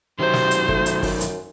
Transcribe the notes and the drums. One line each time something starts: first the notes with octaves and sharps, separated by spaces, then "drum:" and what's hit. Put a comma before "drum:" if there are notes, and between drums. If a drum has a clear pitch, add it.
C3 D#3 F#3 C5
drum: snare
drum: hi-hat
A3, drum: kick
drum: hi-hat
F#2, drum: kick, open hi-hat
drum: hi-hat